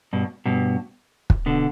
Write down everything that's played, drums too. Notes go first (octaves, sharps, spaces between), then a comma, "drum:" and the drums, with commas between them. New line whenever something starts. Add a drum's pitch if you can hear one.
G2 B2
G2 B2
drum: kick
B2 D3